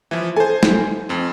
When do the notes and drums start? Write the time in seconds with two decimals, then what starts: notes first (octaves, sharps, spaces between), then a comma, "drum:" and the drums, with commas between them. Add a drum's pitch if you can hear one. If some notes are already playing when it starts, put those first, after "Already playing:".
0.11 E3 F3 E4
0.36 A4 C5 G#5
0.63 drum: snare
1.09 F2 C4